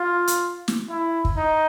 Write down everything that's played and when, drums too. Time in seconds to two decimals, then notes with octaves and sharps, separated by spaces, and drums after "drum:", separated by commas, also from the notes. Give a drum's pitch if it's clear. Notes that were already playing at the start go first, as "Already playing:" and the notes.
Already playing: F4
0.27 drum: hi-hat
0.68 drum: snare
0.89 E4
1.25 drum: kick
1.37 D#4